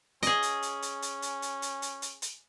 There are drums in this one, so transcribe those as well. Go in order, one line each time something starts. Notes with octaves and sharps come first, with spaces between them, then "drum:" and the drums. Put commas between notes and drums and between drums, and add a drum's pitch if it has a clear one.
C#4 G#4 D#5, drum: hi-hat
drum: hi-hat
drum: hi-hat
drum: hi-hat
drum: hi-hat
drum: hi-hat
drum: hi-hat
drum: hi-hat
drum: hi-hat
drum: hi-hat
drum: hi-hat